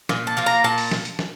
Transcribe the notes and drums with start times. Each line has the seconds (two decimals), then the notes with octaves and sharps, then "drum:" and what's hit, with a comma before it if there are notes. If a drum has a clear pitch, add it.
0.09 A#2, drum: snare
0.27 A5
0.37 F3 A#3 F4
0.46 A#5
0.64 A#2 A5
0.78 drum: open hi-hat
0.91 drum: snare
1.05 drum: hi-hat
1.19 drum: snare